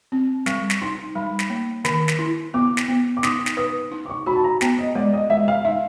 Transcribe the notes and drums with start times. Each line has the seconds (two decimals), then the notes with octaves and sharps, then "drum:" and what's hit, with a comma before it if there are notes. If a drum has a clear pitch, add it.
0.12 C4
0.46 G3 C#6, drum: snare
0.70 drum: snare
0.82 D#4 C6
1.15 G3 B5
1.39 drum: snare
1.50 A#3
1.85 D#3, drum: snare
2.08 drum: snare
2.19 E4
2.54 B3 D6
2.77 drum: snare
2.88 B3
3.17 D6
3.23 D#4 D#6, drum: snare
3.46 drum: snare
3.57 B4 D#6
3.92 D#4
4.05 D6
4.10 C#6
4.26 F#4 B5
4.36 A5
4.44 A#5
4.61 B3 A5, drum: snare
4.79 D#5
4.95 G#3 D5
5.13 D#5
5.30 G#3 E5
5.48 F5
5.65 D#4 E5